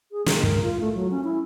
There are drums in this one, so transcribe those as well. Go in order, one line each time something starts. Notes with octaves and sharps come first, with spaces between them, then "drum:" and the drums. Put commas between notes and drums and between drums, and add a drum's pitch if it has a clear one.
G#4
G#3, drum: snare
A#4, drum: kick
F4
A3
F#3
C#4
E4